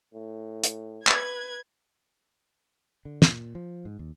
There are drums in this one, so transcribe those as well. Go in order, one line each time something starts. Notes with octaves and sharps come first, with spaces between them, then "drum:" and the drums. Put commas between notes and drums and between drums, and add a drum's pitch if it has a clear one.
A2
drum: hi-hat
B4 G#6, drum: clap
D3
A#2, drum: snare
F3
G#2
D#2